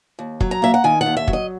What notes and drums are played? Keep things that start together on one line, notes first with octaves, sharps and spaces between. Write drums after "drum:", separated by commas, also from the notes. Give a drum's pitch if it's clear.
D#2
F#3, drum: kick
A#5
A#3 E5
F#5
D#3 G#5
F#5
D#2
E5
F#3, drum: kick
D#5